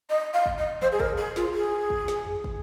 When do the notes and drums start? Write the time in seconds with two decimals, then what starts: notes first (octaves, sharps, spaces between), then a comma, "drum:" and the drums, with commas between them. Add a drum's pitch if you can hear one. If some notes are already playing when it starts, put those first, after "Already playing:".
0.10 D#5
0.34 F5
0.46 drum: kick
0.58 D#5
0.82 C5, drum: tom
0.92 G#4
1.00 A#4, drum: kick
1.18 G#4
1.36 F4, drum: snare
1.54 G#4
1.90 drum: kick
2.08 drum: snare
2.26 drum: tom F2
2.44 drum: kick